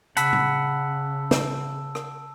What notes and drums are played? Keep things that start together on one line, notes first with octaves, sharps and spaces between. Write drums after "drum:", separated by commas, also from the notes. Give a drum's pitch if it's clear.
C#3 F#5 A5 B5 E6, drum: hi-hat
drum: tom A2
drum: snare
drum: rim click